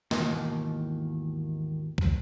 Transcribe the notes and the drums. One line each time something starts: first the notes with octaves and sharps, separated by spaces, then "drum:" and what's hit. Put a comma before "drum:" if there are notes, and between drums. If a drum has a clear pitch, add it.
D#2 G#2 B2 D#3 E3, drum: snare
drum: kick C#2